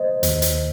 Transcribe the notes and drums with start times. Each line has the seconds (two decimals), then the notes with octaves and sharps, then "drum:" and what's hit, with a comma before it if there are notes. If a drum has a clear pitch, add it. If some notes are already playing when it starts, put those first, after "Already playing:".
Already playing: C5 D#5
0.23 D#2, drum: hi-hat
0.42 drum: hi-hat